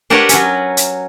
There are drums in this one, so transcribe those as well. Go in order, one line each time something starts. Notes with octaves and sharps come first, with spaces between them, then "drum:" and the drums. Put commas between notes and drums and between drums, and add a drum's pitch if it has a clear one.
D4 G4 A#4 B4 C#5 F#5
F#3 C#4, drum: hi-hat
drum: hi-hat